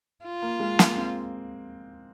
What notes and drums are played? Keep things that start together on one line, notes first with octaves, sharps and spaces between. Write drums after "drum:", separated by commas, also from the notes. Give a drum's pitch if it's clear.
F4
A#3
G#3
A#3, drum: snare
C4